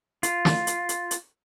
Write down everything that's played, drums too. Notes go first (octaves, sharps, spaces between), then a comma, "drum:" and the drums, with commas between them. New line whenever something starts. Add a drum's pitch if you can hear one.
F4, drum: hi-hat
drum: snare
drum: hi-hat
drum: hi-hat
drum: hi-hat